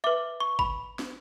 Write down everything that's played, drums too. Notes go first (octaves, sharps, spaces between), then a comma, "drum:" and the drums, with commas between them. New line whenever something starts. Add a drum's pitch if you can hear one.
B4 E5 D6
C#6
B5, drum: kick G1
drum: snare